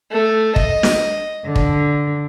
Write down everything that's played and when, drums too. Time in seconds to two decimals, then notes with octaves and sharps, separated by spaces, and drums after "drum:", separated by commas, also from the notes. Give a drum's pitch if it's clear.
0.11 A3
0.56 D#5, drum: kick
0.83 drum: snare
1.46 D3
1.56 drum: kick